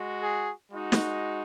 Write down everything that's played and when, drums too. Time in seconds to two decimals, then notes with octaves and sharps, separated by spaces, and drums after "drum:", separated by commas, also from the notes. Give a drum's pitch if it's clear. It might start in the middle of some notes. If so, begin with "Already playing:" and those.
Already playing: G#3 F#4
0.22 G#4
0.71 G#3 D#4 F#4
0.92 drum: snare